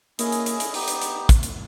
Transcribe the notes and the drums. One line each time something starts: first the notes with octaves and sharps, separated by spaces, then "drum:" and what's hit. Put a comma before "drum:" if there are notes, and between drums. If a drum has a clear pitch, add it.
A#3 C#4 E4 G#4 D#5, drum: hi-hat
drum: hi-hat
drum: hi-hat
drum: hi-hat
B3 D#4 G4, drum: open hi-hat
drum: hi-hat
drum: hi-hat
drum: kick, hi-hat
drum: hi-hat